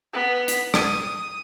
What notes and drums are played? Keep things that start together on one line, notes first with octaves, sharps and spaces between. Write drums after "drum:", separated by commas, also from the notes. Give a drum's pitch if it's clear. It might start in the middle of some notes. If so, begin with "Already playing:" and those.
B3
drum: hi-hat
D#6, drum: rim click